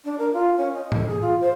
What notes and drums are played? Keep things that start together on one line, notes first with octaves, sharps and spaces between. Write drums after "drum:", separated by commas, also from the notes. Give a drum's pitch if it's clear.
D4
A#4
F4
C#4
D#5
A4, drum: tom
G#4
F4
C5